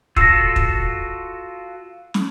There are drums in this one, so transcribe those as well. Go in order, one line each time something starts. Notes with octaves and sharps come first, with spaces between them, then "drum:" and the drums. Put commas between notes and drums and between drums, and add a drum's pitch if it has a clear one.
F4 F#4 A4 E6 A#6, drum: kick
drum: kick
drum: snare